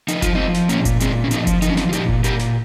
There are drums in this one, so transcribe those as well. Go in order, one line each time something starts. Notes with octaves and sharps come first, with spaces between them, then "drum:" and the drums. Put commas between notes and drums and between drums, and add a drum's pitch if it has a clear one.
F3 D#4, drum: hi-hat
F4, drum: kick F#1, hi-hat
F3 C4 D#4
drum: snare
A#2 A#3 C#4, drum: hi-hat
drum: kick F#1, hi-hat
A#2 G#3 C4, drum: hi-hat
C#4
F3 C4 D#4, drum: hi-hat
drum: kick F#1, hi-hat
F3 D#4, drum: hi-hat
C#4
C4 D#4, drum: snare
F4
A#2 D#4 G4, drum: hi-hat
drum: kick F#1
A#2 G4 A#4, drum: hi-hat
drum: snare